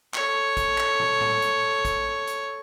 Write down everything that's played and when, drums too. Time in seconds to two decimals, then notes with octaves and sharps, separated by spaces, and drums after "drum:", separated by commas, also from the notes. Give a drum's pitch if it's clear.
0.14 A4 C#5, drum: clap
0.57 drum: kick, hi-hat
0.78 drum: clap
0.99 drum: tom
1.21 drum: tom A2
1.42 drum: hi-hat
1.85 drum: kick, hi-hat
2.27 drum: hi-hat